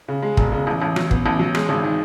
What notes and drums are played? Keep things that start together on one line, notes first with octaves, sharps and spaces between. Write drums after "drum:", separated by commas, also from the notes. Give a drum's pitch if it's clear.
C#3
G#3
E1, drum: kick
C#3
A1
A1
F#3, drum: rim click
B3, drum: kick
A1
F#3
G#3, drum: rim click
G#1
D#3